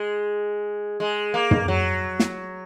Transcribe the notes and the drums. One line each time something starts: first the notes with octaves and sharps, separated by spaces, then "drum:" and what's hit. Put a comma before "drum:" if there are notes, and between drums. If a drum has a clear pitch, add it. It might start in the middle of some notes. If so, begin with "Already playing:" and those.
Already playing: G#3
G#3
A#3
drum: tom
F#3
drum: snare